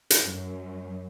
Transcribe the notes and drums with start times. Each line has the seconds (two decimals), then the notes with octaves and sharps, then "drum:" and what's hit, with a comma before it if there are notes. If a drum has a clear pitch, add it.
0.10 drum: hi-hat
0.22 F#2